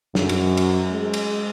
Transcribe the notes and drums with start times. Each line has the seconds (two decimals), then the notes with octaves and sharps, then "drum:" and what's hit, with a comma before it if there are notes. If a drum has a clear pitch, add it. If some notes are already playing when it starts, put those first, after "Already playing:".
0.15 F#2, drum: snare
0.29 drum: cymbal
0.57 drum: cymbal
0.91 G#3
1.13 drum: cymbal